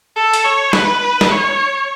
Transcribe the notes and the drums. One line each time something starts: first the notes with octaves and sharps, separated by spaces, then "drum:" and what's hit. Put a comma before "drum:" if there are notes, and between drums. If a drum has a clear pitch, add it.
A4
drum: hi-hat
C#5
B4, drum: snare
drum: snare
C#5